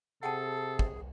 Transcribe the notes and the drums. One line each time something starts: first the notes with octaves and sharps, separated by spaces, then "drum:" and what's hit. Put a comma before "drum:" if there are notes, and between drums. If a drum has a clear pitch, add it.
C3 G#4 A4 F#5 G5 A5
drum: kick